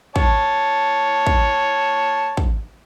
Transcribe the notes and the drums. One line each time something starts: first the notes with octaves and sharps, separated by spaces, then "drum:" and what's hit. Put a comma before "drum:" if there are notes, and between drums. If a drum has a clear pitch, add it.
C#5 A5, drum: kick
drum: kick
drum: kick